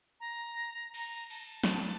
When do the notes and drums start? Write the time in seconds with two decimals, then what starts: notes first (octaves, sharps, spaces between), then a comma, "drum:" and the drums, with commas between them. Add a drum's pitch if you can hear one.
0.20 A#5
0.94 A#5, drum: cymbal
1.30 A5, drum: cymbal
1.64 drum: snare